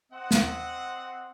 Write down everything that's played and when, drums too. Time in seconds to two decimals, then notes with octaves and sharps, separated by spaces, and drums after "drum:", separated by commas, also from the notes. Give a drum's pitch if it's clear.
0.12 C4 D#5 F#5
0.31 drum: snare